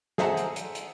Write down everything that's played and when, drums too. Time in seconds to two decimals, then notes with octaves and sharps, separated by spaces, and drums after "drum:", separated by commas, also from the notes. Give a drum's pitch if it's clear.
0.18 G#4 A4 C5 E5 F#5 A#5, drum: snare
0.37 drum: hi-hat
0.56 drum: hi-hat
0.75 drum: hi-hat